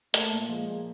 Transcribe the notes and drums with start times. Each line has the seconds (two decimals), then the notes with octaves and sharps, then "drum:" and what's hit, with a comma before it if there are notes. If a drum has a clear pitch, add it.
0.14 A3 A#3, drum: hi-hat
0.32 A#2
0.49 F3 G#3
0.66 A#2